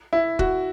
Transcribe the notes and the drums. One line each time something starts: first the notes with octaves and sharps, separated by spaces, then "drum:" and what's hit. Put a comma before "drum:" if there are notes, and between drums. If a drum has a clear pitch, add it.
E4
F#4, drum: kick